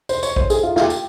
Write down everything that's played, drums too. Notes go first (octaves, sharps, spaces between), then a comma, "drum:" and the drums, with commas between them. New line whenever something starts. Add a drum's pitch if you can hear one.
C5, drum: tambourine
C#5, drum: tambourine
C5, drum: kick A#1
G#4, drum: tambourine
F4
F4, drum: snare
G4
drum: tambourine